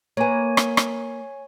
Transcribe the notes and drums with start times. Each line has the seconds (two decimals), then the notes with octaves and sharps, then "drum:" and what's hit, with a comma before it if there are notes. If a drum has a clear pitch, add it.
0.17 A#3 B4 C#5 G#5
0.57 drum: rim click
0.77 drum: rim click